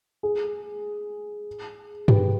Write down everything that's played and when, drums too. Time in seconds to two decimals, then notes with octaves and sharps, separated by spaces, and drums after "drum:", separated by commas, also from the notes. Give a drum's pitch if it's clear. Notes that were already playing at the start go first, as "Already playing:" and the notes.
0.23 G#4
2.08 G4 B4, drum: tom G2